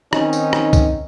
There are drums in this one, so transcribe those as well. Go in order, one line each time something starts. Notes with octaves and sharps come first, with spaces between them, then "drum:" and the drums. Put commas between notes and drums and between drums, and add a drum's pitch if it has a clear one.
D#3 C4 C#4 D#4, drum: rim click
drum: tambourine
drum: rim click
drum: kick C2, tambourine